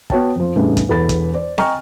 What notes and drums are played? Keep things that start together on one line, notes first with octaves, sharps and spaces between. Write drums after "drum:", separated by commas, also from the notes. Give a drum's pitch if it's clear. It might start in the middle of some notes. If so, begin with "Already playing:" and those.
B3 F#4 C#5 G5 A5, drum: kick
F2 F3
E2 A2 C#3 G3 D4 D#4
drum: kick, hi-hat
E1 E2 A4 B5 A6
drum: kick, hi-hat
C5 D5
D#5 G5 G#5 A#5 C#6 F6, drum: snare C4